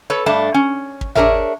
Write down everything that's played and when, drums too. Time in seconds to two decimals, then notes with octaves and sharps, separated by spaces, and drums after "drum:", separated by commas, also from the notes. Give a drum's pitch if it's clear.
0.10 A4 B4 C#5
0.26 G2 A3 D4 A5
0.54 C#4
1.01 drum: kick
1.15 D4 G#4 A#4 C#5 E5, drum: tom G#1